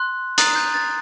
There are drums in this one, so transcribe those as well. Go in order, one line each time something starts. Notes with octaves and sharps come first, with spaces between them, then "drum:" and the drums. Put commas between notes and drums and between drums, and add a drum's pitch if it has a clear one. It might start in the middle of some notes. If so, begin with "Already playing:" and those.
Already playing: C6 F#6
A#5 D#6 F#6 A6, drum: hi-hat
G6
A6